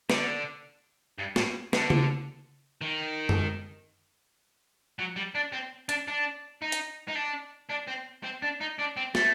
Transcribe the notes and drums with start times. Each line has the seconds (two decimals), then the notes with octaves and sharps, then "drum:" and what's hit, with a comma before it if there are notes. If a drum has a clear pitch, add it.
0.10 D3, drum: snare
1.19 G2
1.36 A2, drum: snare
1.73 D3, drum: snare
1.90 drum: tom C#3
2.81 D#3
3.29 drum: tom F#2
4.99 F#3
5.16 G3
5.35 D4
5.53 C4
5.89 D4, drum: hi-hat
6.08 D4
6.62 D#4
6.72 drum: hi-hat
7.08 D#4
7.15 D4
7.70 D4
7.88 C4
8.24 C4
8.42 D4
8.61 D#4
8.78 D4
8.97 C4
9.15 A3, drum: snare